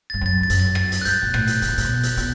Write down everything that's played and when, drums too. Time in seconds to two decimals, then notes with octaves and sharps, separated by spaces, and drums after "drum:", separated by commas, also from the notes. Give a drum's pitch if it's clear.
0.10 A6
0.14 G2
0.21 F#2 A6
0.41 G2 A6
0.50 F#2, drum: hi-hat
0.60 A6
0.75 A6, drum: rim click
0.92 A6, drum: hi-hat
1.01 F#6
1.05 G2 G6, drum: hi-hat
1.23 B2
1.34 A2, drum: rim click
1.47 drum: hi-hat
1.62 C#3, drum: hi-hat
1.69 B2
1.78 A2, drum: hi-hat
1.85 B2
2.03 drum: hi-hat
2.17 B2, drum: hi-hat